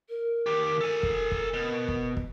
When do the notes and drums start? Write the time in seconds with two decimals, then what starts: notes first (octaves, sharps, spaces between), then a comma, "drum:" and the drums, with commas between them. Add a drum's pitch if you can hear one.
0.09 A#4
0.46 D#3 G4
0.81 A4 G#5
1.03 drum: kick
1.32 drum: kick
1.54 B2
1.88 drum: kick
2.17 drum: kick